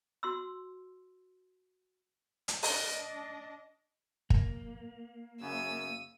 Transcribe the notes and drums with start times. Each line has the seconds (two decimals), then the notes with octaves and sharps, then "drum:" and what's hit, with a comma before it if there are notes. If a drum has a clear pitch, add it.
0.23 F#4 C6 E6
2.48 drum: hi-hat
2.63 D4 D#5, drum: open hi-hat
4.30 A#3, drum: kick
5.42 F#2 C#3 E6 D#7